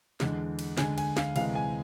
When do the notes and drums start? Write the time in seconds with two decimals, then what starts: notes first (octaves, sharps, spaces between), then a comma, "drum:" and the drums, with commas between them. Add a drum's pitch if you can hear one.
0.20 E2 D3 G#3, drum: snare
0.59 drum: cymbal
0.77 D2 D3 G#3 G#5, drum: snare
0.98 G#5, drum: cymbal
1.17 F5, drum: snare
1.36 D2 C3 E3 G#3 F5, drum: cymbal
1.55 G#5